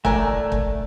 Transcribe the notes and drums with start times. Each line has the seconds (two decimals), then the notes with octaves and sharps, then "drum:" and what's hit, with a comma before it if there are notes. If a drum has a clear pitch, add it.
0.05 A3 D4 A#4 G#5, drum: kick
0.52 drum: kick